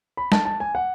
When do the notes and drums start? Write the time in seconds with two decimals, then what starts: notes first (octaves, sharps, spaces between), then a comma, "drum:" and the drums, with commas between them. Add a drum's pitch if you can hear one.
0.17 B5
0.32 A5, drum: snare
0.45 A5
0.60 G#5
0.75 F#5